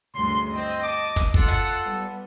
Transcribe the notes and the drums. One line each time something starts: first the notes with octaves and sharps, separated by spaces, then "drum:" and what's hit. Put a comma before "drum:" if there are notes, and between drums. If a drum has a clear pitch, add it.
D2 G2 C#3 C6
C4 D#5
A5 D6
drum: kick, hi-hat
F4 A4 F#5, drum: kick
drum: hi-hat
G3 B3